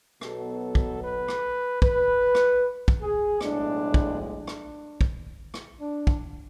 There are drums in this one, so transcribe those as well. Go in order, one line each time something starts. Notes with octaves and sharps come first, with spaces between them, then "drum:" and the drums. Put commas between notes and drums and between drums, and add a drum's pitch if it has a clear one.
B1 B2 F#3 B3 A4, drum: rim click
drum: kick
B4
drum: rim click
B4, drum: kick
drum: rim click
drum: kick
G#4
B1 A2 G#3 D4, drum: rim click
drum: kick
D4
drum: rim click
drum: kick
drum: rim click
D4
drum: kick